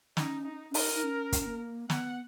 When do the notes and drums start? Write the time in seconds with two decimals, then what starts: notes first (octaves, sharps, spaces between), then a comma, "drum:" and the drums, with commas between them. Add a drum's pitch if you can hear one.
0.17 C#4 D#4, drum: snare
0.45 D#4
0.71 C#4
0.74 D#4 A#4, drum: open hi-hat
0.94 D#4
1.04 C#4
1.32 drum: kick, hi-hat
1.46 A#3
1.90 B3 F#5, drum: snare